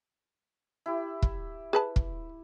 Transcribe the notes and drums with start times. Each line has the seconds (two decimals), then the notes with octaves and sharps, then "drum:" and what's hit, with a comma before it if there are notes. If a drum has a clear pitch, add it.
0.86 E4 G4
1.22 drum: kick
1.73 G#4 B4 A5
1.96 drum: kick